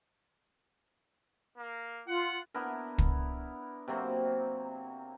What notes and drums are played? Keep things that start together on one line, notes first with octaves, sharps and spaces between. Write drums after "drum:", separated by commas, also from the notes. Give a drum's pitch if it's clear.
A#3
F4 F#5
B3 D4 E4 A#4
drum: kick
C3 F#3 A#3 C4